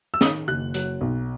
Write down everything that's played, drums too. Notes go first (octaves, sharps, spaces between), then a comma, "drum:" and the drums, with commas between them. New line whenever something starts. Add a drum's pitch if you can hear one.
E6
D#3 D#6, drum: snare
F#1 F#6
F#3, drum: hi-hat
B1